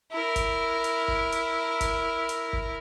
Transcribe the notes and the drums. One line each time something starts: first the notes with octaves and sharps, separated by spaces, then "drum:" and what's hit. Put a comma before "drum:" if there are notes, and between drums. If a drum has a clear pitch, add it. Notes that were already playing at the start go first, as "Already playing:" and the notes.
E4 A#4
drum: kick, hi-hat
drum: hi-hat
drum: kick
drum: hi-hat
drum: kick, hi-hat
drum: hi-hat
drum: kick